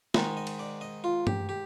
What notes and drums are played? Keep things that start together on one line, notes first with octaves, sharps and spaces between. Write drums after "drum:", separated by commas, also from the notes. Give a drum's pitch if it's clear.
G#2 D#3 G#3 D#4 D#5, drum: snare
D#5
drum: cymbal
D5
D#5
F4
G4, drum: tom G2
G4